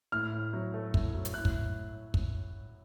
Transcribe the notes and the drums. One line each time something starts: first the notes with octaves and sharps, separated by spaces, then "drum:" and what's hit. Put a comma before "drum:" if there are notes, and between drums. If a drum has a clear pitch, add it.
A2 F6
A2
F#3
A3
A2, drum: kick
F#3
drum: hi-hat
A2 F#6
drum: kick
drum: kick